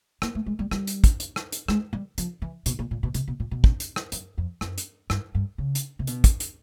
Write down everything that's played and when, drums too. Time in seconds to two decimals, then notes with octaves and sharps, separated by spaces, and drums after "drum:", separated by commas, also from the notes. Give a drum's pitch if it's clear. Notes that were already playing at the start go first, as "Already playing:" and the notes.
0.22 A#3, drum: rim click
0.35 A3
0.46 G#3
0.59 G3
0.71 G3, drum: rim click
0.87 drum: hi-hat
1.04 drum: kick, hi-hat
1.20 drum: hi-hat
1.36 drum: rim click
1.52 drum: hi-hat
1.68 G#3, drum: rim click
1.93 G3
2.18 F3, drum: hi-hat
2.42 E3
2.66 B2, drum: hi-hat
2.79 A#2
2.91 A#2
3.03 B2
3.14 C3, drum: hi-hat
3.28 B2
3.40 A#2
3.51 B2
3.64 drum: kick
3.80 drum: hi-hat
3.96 drum: rim click
4.12 F#2, drum: hi-hat
4.38 F2
4.61 F#2, drum: rim click
4.78 drum: hi-hat
5.10 G2, drum: rim click
5.35 G2
5.58 C#3
5.75 drum: hi-hat
5.99 C3
6.07 B2, drum: hi-hat
6.24 drum: kick, hi-hat
6.40 drum: hi-hat